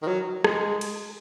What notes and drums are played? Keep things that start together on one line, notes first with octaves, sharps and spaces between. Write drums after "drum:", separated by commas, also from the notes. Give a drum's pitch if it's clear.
D#3
F#3
G#3, drum: rim click
drum: cymbal